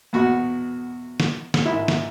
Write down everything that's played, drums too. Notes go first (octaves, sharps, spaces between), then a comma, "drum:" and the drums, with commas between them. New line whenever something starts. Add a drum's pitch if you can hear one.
E2 B2 F#4
drum: snare
drum: snare
A1 G#2 D#3 E4
drum: snare